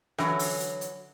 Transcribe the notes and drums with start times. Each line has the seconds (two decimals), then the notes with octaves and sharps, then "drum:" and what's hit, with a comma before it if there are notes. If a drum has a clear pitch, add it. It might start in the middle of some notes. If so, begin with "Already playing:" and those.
0.18 D3 E3 F#3 C#4, drum: rim click
0.39 drum: open hi-hat
0.60 drum: hi-hat
0.81 drum: hi-hat